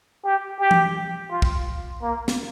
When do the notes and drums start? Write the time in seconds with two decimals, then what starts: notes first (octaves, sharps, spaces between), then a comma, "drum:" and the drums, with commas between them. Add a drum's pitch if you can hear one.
0.24 G4
0.60 G4
0.71 drum: tom E3
1.31 F4
1.42 drum: kick
2.02 A#3
2.28 drum: snare